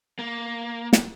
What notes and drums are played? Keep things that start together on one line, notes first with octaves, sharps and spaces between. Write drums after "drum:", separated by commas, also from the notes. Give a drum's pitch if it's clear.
A#3
drum: snare